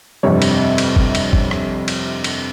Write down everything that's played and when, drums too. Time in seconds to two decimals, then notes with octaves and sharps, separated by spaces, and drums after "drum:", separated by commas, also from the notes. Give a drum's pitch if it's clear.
0.23 G1 F2 C3 G3 C#5
0.42 drum: cymbal
0.78 drum: cymbal
0.96 drum: kick
1.15 drum: cymbal
1.33 drum: kick
1.51 drum: rim click
1.88 drum: cymbal
2.24 drum: cymbal